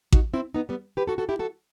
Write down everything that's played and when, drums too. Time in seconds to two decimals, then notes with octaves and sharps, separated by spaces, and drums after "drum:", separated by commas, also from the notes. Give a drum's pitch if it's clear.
0.12 D#4 F#4, drum: kick A1
0.34 C4 E4
0.54 B3 D#4
0.69 G3 B3
0.97 G4 B4
1.07 F#4 A4
1.18 F#4 A4
1.29 E4 G4
1.39 F#4 A4